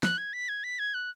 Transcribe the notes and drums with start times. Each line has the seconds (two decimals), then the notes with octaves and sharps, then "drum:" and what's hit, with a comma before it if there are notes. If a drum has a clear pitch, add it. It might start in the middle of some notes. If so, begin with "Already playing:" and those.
0.03 F#6, drum: snare
0.18 G#6
0.33 B6
0.49 G#6
0.64 B6
0.79 G#6
0.94 F#6